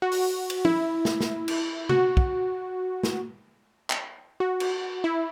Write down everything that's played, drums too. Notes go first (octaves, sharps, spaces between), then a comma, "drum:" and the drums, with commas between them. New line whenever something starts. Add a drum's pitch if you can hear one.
F#4
drum: open hi-hat
drum: cymbal
E4, drum: tom
drum: snare
drum: snare
drum: cymbal
F#4, drum: tom
drum: kick
drum: snare
drum: clap
F#4
drum: cymbal
E4